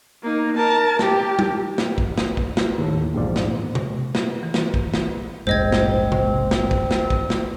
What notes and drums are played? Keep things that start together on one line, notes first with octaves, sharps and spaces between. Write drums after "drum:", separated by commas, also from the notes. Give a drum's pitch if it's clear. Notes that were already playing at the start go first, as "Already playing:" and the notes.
A#3 D#4
A#4 A5
G4, drum: snare
drum: tom
drum: snare
drum: kick
drum: snare
drum: kick
drum: snare
D#2 A2 A4
A#1 E2 G#2 F4 D5
drum: snare
drum: tom
drum: snare
E3
drum: snare
drum: kick
drum: snare
E1 A#1 G#2 C4 C5 D#5 G#6
drum: snare
drum: tom
drum: snare
drum: kick
drum: snare
drum: kick
drum: snare